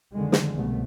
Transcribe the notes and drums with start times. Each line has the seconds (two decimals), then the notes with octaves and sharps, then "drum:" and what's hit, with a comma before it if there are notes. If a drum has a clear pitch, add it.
0.14 F2 D3 D#3 G#3
0.32 drum: snare
0.55 C2 G2 B2 A3 B3